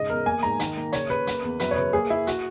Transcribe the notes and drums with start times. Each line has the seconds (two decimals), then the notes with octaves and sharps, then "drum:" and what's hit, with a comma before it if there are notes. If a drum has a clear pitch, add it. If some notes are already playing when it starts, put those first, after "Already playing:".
Already playing: G#2 C#3 D#5
0.10 E2 A#4
0.26 A#3 G#5
0.43 G#2 A#5
0.59 D#3, drum: hi-hat
0.77 A#3
0.93 C#3 C#5, drum: hi-hat
1.10 C#3 B4
1.27 A#3, drum: hi-hat
1.43 E2
1.60 F#2 B4, drum: hi-hat
1.71 C#5
1.76 C#3 B4
1.93 A#3 G#4
2.10 A#3 E4
2.27 F#4, drum: hi-hat